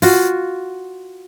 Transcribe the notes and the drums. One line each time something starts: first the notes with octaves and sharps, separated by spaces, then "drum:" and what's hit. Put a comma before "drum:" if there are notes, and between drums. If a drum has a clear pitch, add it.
F4 F#4, drum: open hi-hat